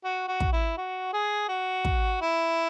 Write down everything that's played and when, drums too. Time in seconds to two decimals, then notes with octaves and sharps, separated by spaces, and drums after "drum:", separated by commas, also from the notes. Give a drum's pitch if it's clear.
0.04 F#4
0.28 F#4
0.40 drum: kick
0.52 E4
0.77 F#4
1.13 G#4
1.48 F#4
1.85 drum: kick
2.21 E4